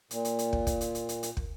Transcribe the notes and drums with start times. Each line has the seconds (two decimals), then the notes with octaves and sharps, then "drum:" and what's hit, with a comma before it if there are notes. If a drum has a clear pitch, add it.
0.11 A#2, drum: hi-hat
0.25 drum: hi-hat
0.39 drum: hi-hat
0.53 drum: kick
0.67 drum: kick, hi-hat
0.81 drum: hi-hat
0.95 drum: hi-hat
1.09 drum: hi-hat
1.23 drum: hi-hat
1.37 drum: kick